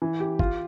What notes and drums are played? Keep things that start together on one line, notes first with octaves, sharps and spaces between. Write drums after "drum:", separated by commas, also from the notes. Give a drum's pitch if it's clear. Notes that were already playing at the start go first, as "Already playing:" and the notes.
E3
G4
F4, drum: kick G1